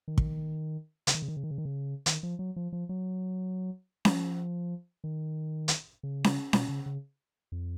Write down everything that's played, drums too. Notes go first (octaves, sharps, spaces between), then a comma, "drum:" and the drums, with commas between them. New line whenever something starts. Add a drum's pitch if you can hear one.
D#3
drum: kick
C#3, drum: hi-hat
D#3
C#3
D#3
C#3
D#3
C#3
D#3
C#3
D#3, drum: hi-hat
F3
F#3
F3
F3
F#3
F3, drum: snare C#4
D#3
drum: hi-hat
C#3
drum: snare C#4
B2, drum: snare C#4
C#3
C#3
F2